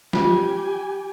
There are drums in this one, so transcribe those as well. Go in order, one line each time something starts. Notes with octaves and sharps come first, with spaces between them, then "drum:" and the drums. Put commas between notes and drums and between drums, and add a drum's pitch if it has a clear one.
F4 G4 G#5, drum: snare